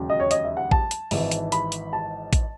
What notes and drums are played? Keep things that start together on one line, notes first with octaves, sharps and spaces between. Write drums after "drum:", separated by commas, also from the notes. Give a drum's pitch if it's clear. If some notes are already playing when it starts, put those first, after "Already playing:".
Already playing: E1 D#2 C#3 F#3
D#5
C#5
D#5, drum: hi-hat
E5
F#5
A5, drum: kick A1
drum: hi-hat
G#1 G#2 E3, drum: open hi-hat
drum: hi-hat
B5, drum: hi-hat
drum: hi-hat
A5
drum: kick A1, hi-hat